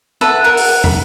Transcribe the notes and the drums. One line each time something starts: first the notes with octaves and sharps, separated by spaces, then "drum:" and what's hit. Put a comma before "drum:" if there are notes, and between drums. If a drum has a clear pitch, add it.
A4 B4 E5 F#5
A#4 F#5
drum: open hi-hat
B5, drum: tom